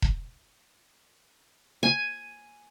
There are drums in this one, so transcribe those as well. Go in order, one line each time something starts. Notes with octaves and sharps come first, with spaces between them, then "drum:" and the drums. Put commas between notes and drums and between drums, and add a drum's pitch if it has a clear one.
drum: kick E1
G#5